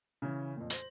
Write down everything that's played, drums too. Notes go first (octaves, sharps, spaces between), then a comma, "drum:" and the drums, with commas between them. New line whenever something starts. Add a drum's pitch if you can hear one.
C#3 E3 C#4
F2 A#2
C5 A#6 F#7, drum: hi-hat